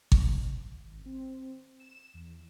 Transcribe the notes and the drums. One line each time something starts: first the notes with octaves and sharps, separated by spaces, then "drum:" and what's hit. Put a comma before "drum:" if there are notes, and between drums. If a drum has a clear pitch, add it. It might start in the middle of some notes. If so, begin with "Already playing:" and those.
C#2, drum: kick G#1
G#1
C4
E7
E2